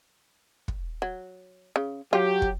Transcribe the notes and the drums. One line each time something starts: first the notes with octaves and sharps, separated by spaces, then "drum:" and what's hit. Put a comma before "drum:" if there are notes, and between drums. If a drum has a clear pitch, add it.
drum: kick
F#3
C#3
F#3 F4 G4
drum: kick